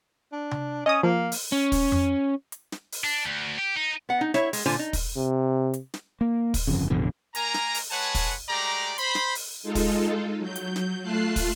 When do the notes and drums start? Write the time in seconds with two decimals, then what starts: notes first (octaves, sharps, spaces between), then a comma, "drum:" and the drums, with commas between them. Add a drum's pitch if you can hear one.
0.33 D4
0.51 drum: tom C3
0.86 C#4 D#5 D#6
1.03 F3 A#3
1.32 drum: open hi-hat
1.52 C#4
1.72 drum: kick, open hi-hat
1.92 drum: tom F2
2.52 drum: hi-hat
2.72 drum: snare
2.92 drum: open hi-hat
3.04 D4
3.25 D2
3.58 G4
3.76 D#4
4.09 B3 F#5
4.21 D#4
4.34 E4 C#5 E5, drum: snare
4.53 G#3, drum: open hi-hat
4.66 A#2 D3 F4 C5 G#5
4.79 D#4
4.93 drum: kick, open hi-hat
5.17 C3
5.74 drum: hi-hat
5.94 drum: snare
6.21 A#3
6.54 drum: kick, open hi-hat
6.67 G1 F2 C#3
6.90 A1 F2 B2 D3
7.35 A#3 A#4 G#5 A#5, drum: hi-hat
7.54 drum: snare
7.74 drum: open hi-hat
7.91 G#3 B4 C#5 F#5 G#5 A5
8.15 drum: kick, open hi-hat
8.49 G#3 A3 G4 D5 A#5
8.98 C5 B5 C6, drum: hi-hat
9.15 drum: snare
9.35 drum: open hi-hat
9.63 G#3 D#4 F4 A4
9.75 drum: kick, open hi-hat
10.38 F#3 G6
10.56 drum: hi-hat
10.76 drum: snare
11.02 A3 F4 A5 F#6 C7
11.36 drum: kick, open hi-hat